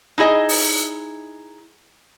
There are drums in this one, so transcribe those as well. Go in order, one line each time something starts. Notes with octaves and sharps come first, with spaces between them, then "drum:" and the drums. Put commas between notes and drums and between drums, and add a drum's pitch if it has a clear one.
D#4 E4 G#4 D#5
drum: open hi-hat